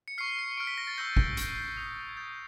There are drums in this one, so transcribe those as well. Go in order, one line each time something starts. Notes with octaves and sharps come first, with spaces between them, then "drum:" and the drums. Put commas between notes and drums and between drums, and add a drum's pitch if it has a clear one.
C#7
C#6 F6 C7
C#7
C#7
C#6 F6 D7
B6
A#6
A6
C#6 E6 G6 A#6
drum: kick
C#6 E6 G6 C7, drum: hi-hat
G6
D#6 G6
G#6
D#6 G6 A6